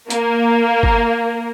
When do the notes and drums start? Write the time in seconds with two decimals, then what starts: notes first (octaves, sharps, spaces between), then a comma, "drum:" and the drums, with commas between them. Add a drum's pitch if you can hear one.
0.10 A#3, drum: hi-hat
0.83 drum: kick G1